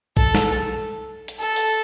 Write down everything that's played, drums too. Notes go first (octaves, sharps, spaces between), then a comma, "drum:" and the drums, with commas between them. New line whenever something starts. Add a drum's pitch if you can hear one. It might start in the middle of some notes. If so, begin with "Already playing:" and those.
A4, drum: kick A#1
drum: snare
drum: hi-hat
A4
drum: open hi-hat